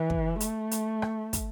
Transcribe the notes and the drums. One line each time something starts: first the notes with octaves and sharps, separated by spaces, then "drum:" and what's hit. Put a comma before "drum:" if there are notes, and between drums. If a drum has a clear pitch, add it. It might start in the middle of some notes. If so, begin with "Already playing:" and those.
Already playing: E3
drum: kick
A3, drum: hi-hat
drum: hi-hat
drum: rim click
drum: kick, hi-hat